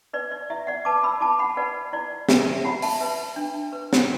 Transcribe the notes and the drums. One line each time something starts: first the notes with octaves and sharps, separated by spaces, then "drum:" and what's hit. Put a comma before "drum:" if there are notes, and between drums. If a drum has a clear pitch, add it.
B4 D5
D5
E4 E5
D5 F#5
B4 A5 D6
B5 E6
E4 A5 D6
F#5 B5
B4 D5 F#5
E4 D5
B4 E5, drum: snare
E5
E4 F#5 B5
E5 A5, drum: open hi-hat
B4 E5
D4
B4
drum: snare